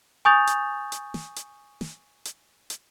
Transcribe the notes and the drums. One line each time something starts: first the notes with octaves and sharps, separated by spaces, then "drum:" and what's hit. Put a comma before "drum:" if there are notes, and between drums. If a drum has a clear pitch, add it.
G#5 C#6 D#6 G6 A6 F7
drum: hi-hat
drum: hi-hat
drum: snare
drum: hi-hat
drum: snare
drum: hi-hat
drum: hi-hat